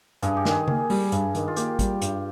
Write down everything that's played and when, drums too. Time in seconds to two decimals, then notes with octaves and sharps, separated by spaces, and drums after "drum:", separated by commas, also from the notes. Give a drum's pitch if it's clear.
0.23 G2 G#4, drum: hi-hat
0.37 G4
0.45 D#3 G#4, drum: snare
0.68 A#3, drum: tom C#3
0.90 G3, drum: open hi-hat
1.12 G2, drum: hi-hat
1.35 D#3, drum: hi-hat
1.48 F4
1.56 A#3 G4, drum: hi-hat
1.79 G3, drum: kick, hi-hat
2.02 G2, drum: hi-hat